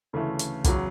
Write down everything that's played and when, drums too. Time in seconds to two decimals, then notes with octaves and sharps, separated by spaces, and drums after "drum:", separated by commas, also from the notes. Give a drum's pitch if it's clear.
0.13 D2 C#3 E3 A3
0.39 drum: hi-hat
0.64 E2 C#3 F#3, drum: kick, hi-hat